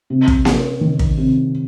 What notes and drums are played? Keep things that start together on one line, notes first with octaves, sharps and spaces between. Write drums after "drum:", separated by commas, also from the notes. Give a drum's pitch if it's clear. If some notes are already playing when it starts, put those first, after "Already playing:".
C3
drum: kick
C#4, drum: snare A#3
D#3
drum: kick
C3